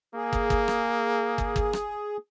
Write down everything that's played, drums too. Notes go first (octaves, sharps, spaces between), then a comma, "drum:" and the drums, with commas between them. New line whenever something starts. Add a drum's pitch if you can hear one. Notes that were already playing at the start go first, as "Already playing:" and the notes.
A#3 G#4
drum: kick
drum: kick
drum: rim click
drum: kick
drum: kick
drum: rim click